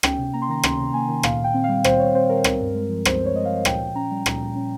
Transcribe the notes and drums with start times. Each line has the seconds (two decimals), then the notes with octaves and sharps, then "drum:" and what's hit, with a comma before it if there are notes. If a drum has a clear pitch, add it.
0.03 C#4 G5, drum: rim click
0.18 C3
0.33 A#3 A#5
0.42 C6
0.49 D#3 A#5
0.63 C#4 C6, drum: rim click
0.79 C3
0.94 A#3 G#5
1.09 D#3
1.23 A#2 F5, drum: rim click
1.39 A#2 G5
1.54 C4
1.64 G3 F5
1.84 A#2 C5, drum: rim click
1.99 A#2 C#5
2.14 C4 C5
2.29 G3 A#4
2.44 C4, drum: rim click
2.60 G2
2.75 G#3
2.89 F3
3.05 C4 C5, drum: rim click
3.20 G2
3.26 C#5
3.35 G#3 D#5
3.45 F3 F5
3.65 A#2 G5, drum: rim click
3.81 A#2
3.95 C#4 A#5
4.11 G3
4.26 A#2, drum: rim click
4.41 A#2
4.55 C#4